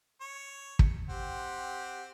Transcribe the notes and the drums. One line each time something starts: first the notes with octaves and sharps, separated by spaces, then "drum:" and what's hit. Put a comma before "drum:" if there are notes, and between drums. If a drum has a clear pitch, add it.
C#5
drum: kick
C4 G4 F#5